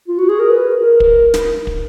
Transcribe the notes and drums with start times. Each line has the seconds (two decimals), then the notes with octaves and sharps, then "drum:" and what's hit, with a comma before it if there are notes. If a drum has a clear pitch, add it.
0.08 F4
0.18 F#4
0.29 G#4
0.39 A#4
0.50 B4
0.75 A#4
1.00 drum: kick
1.34 drum: snare
1.67 drum: kick